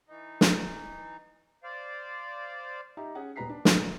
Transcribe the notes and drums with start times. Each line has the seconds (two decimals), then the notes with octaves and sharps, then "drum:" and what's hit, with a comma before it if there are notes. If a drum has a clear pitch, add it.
0.08 E3 D#4
0.41 drum: snare
1.64 C5 D5 F5
2.97 D#4 G4 E5 A#5
3.15 C#4 G#4 F#5
3.36 D#1 B3 B4 A#5 B6 C7
3.49 D4
3.65 A#2 D#3, drum: snare
3.80 A#3